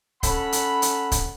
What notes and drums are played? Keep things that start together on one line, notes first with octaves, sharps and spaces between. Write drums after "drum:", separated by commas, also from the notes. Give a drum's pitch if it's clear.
C#4 A4 F#5 B5, drum: kick D1, hi-hat
drum: hi-hat
drum: hi-hat
drum: kick D1, hi-hat